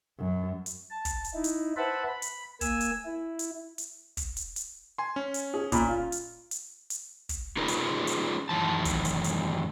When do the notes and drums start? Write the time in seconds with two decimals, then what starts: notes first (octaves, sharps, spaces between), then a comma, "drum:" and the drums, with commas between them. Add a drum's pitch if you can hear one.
0.18 F#2
0.66 drum: hi-hat
0.90 A5
1.05 drum: kick, hi-hat
1.24 drum: hi-hat
1.34 D#4 E4
1.44 drum: hi-hat
1.77 B4 C5 E5 F#5 A5 B5
2.07 B5
2.22 drum: hi-hat
2.61 A#3 G#5 E6, drum: kick, hi-hat
2.81 drum: hi-hat
3.06 E4
3.39 drum: hi-hat
3.78 drum: hi-hat
4.17 drum: kick, hi-hat
4.37 drum: hi-hat
4.56 drum: hi-hat
4.98 G#5 C6
5.16 C#4
5.34 drum: hi-hat
5.54 G#4
5.72 A#2 B5, drum: kick, hi-hat
5.88 F4
6.12 drum: hi-hat
6.51 drum: hi-hat
6.90 drum: hi-hat
7.29 drum: kick, hi-hat
7.57 C#4 D#4 F4 G#4 A#4 B4
7.68 drum: hi-hat
8.07 drum: hi-hat
8.49 F#2 A2 D#3 E3 A5
8.85 drum: kick, hi-hat
9.05 drum: hi-hat
9.24 drum: hi-hat